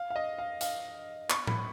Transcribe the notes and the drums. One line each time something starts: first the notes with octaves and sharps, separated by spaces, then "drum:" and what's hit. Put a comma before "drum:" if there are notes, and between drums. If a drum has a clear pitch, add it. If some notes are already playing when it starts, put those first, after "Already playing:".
Already playing: F5
F5
D#5
F5
F5, drum: hi-hat
C#6, drum: clap
B5, drum: tom A2